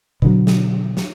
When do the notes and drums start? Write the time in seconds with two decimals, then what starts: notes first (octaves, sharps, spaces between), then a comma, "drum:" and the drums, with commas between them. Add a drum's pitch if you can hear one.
0.22 B2 D3 F#3, drum: kick G1
0.47 drum: snare
0.97 drum: snare